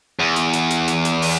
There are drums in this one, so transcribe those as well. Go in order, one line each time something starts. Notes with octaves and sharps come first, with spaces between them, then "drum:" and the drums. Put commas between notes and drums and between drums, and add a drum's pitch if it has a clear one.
E2
drum: hi-hat
drum: hi-hat
drum: hi-hat
drum: hi-hat
drum: hi-hat
drum: open hi-hat